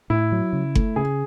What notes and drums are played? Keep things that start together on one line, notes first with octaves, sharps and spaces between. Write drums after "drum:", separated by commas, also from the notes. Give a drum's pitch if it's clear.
A2 E4
F#3
C#3
A3, drum: kick F#1
C#3 G#4